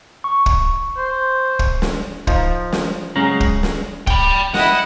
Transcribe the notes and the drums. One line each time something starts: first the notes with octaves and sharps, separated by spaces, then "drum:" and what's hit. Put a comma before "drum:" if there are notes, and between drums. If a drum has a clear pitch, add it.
C#6
drum: kick
C5
drum: kick
drum: snare
F3 D#4, drum: kick
drum: snare
C#3 F#3 G#3 G#4 A#5
drum: kick
drum: snare
G5 B5, drum: kick
E4 D#5 F#5 F#6, drum: snare